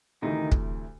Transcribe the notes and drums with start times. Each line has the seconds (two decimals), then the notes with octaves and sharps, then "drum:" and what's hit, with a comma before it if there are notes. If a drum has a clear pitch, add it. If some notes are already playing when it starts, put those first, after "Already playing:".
0.22 D2 C3 D#3 E3 A3 D#4
0.52 drum: kick